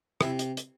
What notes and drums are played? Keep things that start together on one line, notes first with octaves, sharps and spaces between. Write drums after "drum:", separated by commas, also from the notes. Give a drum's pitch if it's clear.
C3 E4, drum: rim click
drum: hi-hat
drum: hi-hat